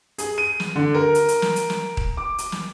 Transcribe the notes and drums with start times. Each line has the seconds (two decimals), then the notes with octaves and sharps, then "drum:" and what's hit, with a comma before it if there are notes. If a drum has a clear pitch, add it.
0.18 G#4, drum: hi-hat
0.38 D#7
0.60 drum: snare
0.76 D3
0.94 A#4
1.15 drum: hi-hat
1.28 drum: hi-hat
1.42 drum: snare
1.56 drum: hi-hat
1.70 drum: snare
1.97 drum: kick D#1
2.17 D6
2.38 drum: hi-hat
2.52 drum: snare